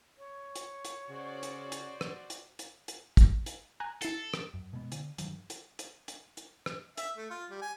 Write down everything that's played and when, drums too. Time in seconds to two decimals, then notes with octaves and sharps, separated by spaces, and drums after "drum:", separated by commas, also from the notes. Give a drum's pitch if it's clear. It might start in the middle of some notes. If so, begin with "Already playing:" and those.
0.18 C#5
0.55 drum: hi-hat
0.85 drum: hi-hat
1.09 C#3 F#4 C5 D5
1.43 drum: hi-hat
1.72 drum: hi-hat
2.01 drum: rim click
2.30 drum: hi-hat
2.59 drum: hi-hat
2.88 drum: hi-hat
3.17 drum: kick, hi-hat
3.46 drum: hi-hat
3.80 G#5 A#5 F#6
4.02 E4 A4 C7 C#7, drum: hi-hat
4.34 drum: rim click
4.54 F#2
4.73 B2 G#3 B3
4.92 D3, drum: hi-hat
5.18 G2 D#3 F#3, drum: hi-hat
5.50 drum: hi-hat
5.79 drum: hi-hat
6.08 drum: hi-hat
6.37 drum: hi-hat
6.66 drum: rim click
6.97 E5, drum: hi-hat
7.17 A3
7.30 F4
7.50 G3
7.62 G#5